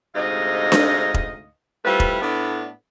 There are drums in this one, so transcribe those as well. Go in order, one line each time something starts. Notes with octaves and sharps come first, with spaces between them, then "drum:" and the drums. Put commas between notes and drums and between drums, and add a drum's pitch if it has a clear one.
D2 G#2 C3 D#4 D#5 F5
drum: snare D4
drum: kick E1
G3 A3 C4 E4 F4 B4
drum: kick E1
A2 B3 D4